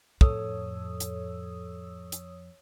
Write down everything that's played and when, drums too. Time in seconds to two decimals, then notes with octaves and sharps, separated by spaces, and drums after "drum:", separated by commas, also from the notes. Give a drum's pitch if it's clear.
0.21 F2 A2 A4 C#5 D#6 E6, drum: kick
1.00 drum: hi-hat
2.12 drum: hi-hat